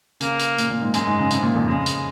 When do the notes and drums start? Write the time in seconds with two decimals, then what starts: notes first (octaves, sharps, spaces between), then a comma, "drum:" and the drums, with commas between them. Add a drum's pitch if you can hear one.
0.20 C#3 A#3, drum: hi-hat
0.39 drum: hi-hat
0.58 A#2, drum: hi-hat
0.70 A#2
0.82 G#2
0.94 F#2 G#3, drum: hi-hat
1.07 G#2
1.19 C#3
1.30 C3, drum: hi-hat
1.43 A#2
1.55 F2
1.67 C#3 G#3
1.86 drum: hi-hat